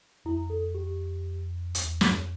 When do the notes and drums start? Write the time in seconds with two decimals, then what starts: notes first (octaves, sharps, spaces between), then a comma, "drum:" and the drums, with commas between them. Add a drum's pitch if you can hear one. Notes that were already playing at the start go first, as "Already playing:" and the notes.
0.25 F2 E4
0.50 A4
0.74 G4
1.75 E2, drum: hi-hat
2.01 G2, drum: snare
2.11 F2